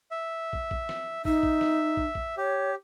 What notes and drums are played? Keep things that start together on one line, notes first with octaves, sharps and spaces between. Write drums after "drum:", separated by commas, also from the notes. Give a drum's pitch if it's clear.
E5
drum: kick
drum: kick
drum: snare
D#4 E5, drum: kick
drum: kick
drum: snare
drum: kick
drum: kick
G4 C#5